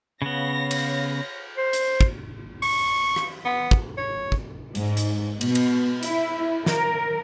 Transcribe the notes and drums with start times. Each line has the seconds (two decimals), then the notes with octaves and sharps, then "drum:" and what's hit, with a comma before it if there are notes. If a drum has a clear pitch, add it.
0.22 C#3 B3 C#5 F5 A#6
0.71 drum: cymbal
1.58 C5
1.73 drum: hi-hat
2.01 drum: kick
2.62 C#6, drum: open hi-hat
3.16 drum: rim click
3.45 B3
3.71 drum: kick
3.97 C#5
4.32 drum: kick
4.75 G#2, drum: hi-hat
4.97 drum: hi-hat
5.41 B2, drum: cymbal
5.55 drum: cymbal
6.03 E4, drum: hi-hat
6.66 A#4, drum: snare